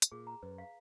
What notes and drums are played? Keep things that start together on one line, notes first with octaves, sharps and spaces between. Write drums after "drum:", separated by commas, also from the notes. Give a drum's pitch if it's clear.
drum: hi-hat
A#2 G#4
A#5
F#2 B4
F5